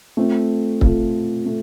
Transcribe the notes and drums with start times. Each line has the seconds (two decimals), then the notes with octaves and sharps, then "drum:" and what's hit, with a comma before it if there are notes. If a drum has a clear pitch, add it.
0.17 A3 C4 F4 A4
0.81 A3 C4 F4 A4, drum: kick
1.46 A3